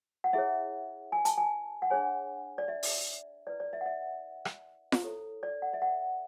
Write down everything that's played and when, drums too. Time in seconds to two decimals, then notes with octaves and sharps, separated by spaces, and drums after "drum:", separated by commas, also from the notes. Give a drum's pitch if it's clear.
0.24 F#5
0.33 E4 G#4 C#5 E5
1.12 G#5
1.25 A5, drum: hi-hat
1.38 G#5
1.82 F#5
1.90 D4 G#4 C#5 G#5
2.58 D5
2.68 E5
2.83 drum: open hi-hat
3.47 E4 B4 D5
3.60 D5
3.73 E5
3.81 F#5
3.86 E5
4.45 drum: rim click
4.92 drum: snare F4
5.03 E4 A4 C#5
5.43 D5
5.62 F#5
5.73 E5
5.82 F#5